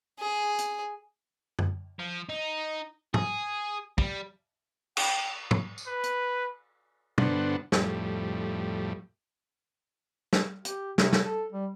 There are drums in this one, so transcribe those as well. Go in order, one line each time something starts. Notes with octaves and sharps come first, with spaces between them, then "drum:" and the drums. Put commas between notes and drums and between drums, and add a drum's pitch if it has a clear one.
G#4
drum: hi-hat
drum: tom F#2
F3
D#4
G#4, drum: tom
G3, drum: kick
G5, drum: cymbal
drum: tom
drum: tambourine
B4
drum: hi-hat
G2 D3 B3 D4 C5 F#5, drum: tom
F2 A2 G3, drum: snare
drum: snare
G4, drum: hi-hat
C3, drum: snare
drum: snare
A4
G3